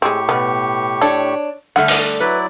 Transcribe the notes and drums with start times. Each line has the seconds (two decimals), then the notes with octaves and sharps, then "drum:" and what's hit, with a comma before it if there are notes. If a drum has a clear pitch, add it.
0.02 A2 G#3 C4 G4 C#6
0.29 B2 B3
1.01 D4 A4 C#5
1.76 D3 G3 A3 F#5
1.88 drum: open hi-hat
2.20 F#3 E4 B4 D5